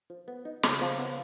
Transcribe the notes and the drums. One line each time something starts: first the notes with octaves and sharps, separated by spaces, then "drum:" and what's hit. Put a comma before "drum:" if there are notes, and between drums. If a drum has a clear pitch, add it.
F3
B3
D#4
C#3 F3, drum: snare
F3
B3